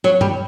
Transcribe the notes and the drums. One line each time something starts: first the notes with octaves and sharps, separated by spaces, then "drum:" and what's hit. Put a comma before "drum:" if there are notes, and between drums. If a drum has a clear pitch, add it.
F#3
G3, drum: tom G2